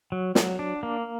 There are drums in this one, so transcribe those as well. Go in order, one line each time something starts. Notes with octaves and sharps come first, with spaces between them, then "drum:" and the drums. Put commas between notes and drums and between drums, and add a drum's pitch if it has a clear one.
F#3
F#3, drum: snare
D4
A#3